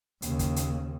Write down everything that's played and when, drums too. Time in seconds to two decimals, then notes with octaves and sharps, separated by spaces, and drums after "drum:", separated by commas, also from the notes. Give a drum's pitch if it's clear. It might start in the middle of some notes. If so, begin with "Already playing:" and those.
0.22 D#2 C#3, drum: hi-hat
0.39 drum: kick, hi-hat
0.56 drum: hi-hat